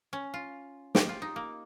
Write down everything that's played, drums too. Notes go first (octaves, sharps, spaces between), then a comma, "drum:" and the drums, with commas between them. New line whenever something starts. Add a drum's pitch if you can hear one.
C#4
F4
G4, drum: snare
F4
D#4
A#3